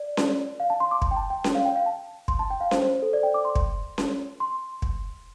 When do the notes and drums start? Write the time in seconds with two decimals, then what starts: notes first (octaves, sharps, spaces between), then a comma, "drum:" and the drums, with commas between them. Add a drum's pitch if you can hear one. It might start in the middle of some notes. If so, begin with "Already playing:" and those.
Already playing: D5
0.17 drum: snare C#4
0.60 F5
0.70 A5
0.80 C6
0.91 D6
1.02 C6, drum: kick
1.11 G5
1.16 A5
1.30 G5
1.44 G5, drum: snare C#4
1.55 F5
1.65 G5
1.76 F5
1.86 A5
2.28 C6, drum: kick
2.39 A5
2.50 G5
2.61 F5
2.71 C5, drum: snare C#4
2.82 C5
3.02 A4
3.13 D5
3.23 G5
3.34 D6
3.45 C6
3.55 drum: kick
3.98 drum: snare C#4
4.40 C6
4.82 drum: kick